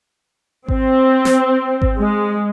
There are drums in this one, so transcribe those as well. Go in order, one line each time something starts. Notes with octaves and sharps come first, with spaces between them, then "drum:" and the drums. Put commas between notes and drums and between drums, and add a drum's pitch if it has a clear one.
C4, drum: kick G#1
drum: snare
drum: kick G#1
G#3